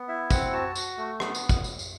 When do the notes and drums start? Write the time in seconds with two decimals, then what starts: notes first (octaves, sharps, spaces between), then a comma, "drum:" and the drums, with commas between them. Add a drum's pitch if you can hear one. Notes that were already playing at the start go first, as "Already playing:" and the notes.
Already playing: B3
0.08 E4 E5
0.31 C4 F#5, drum: kick, tambourine
0.53 F#4 A5
0.75 F#4, drum: tambourine
0.97 A3
1.20 B3, drum: rim click
1.35 drum: tambourine
1.49 drum: kick, tambourine
1.64 drum: tambourine
1.79 drum: tambourine